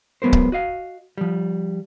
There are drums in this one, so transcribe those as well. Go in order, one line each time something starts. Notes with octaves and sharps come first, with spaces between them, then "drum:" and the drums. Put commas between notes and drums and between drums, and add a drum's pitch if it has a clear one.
F#3 G#3 B3 A#4 C5
drum: kick C#1
F#4 D#5 F5
F3 G3